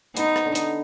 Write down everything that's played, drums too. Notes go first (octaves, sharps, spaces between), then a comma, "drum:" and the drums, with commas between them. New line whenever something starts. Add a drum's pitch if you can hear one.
B3 D#4, drum: hi-hat
drum: rim click
D3
drum: hi-hat